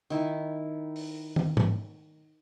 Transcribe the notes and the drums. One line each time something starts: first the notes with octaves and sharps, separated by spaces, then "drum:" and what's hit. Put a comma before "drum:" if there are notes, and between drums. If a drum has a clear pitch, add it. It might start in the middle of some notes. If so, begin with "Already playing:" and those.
D#3 E4
drum: open hi-hat
drum: tom
drum: tom G#2